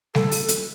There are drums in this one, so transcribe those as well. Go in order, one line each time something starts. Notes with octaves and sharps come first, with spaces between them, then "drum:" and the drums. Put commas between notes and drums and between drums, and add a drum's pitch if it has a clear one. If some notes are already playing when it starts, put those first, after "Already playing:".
A4, drum: snare G3
drum: open hi-hat
drum: hi-hat